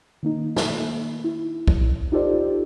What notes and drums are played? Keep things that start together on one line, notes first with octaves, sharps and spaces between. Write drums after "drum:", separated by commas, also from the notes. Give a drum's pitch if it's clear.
D#3 A#3 D#4
drum: snare
E4
drum: kick
D#4 F4 G4 A4 C5 D5